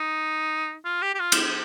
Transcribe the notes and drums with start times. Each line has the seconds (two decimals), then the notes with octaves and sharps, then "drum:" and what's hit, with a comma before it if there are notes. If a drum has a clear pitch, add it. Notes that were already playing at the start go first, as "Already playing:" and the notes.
Already playing: D#4
0.85 F4
1.02 G4
1.15 G4
1.20 F4
1.32 drum: cymbal